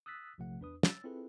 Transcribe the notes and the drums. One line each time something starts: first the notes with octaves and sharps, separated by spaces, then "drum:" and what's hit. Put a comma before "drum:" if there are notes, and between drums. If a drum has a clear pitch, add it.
D#6 E6 F#6 A6 B6
A#1 C3 F3 A3 F#5
E2 D4 B4 D#6
E6 A6, drum: snare
C4 E4 F4 G#4 A4 B4